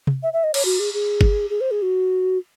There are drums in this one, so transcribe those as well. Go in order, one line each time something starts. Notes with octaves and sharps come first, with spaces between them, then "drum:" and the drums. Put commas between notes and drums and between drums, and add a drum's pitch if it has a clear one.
drum: tom
E5
E5
D#5
C#5, drum: cymbal
F#4
G#4
G#4
drum: kick G1
G#4
C5
G#4
F#4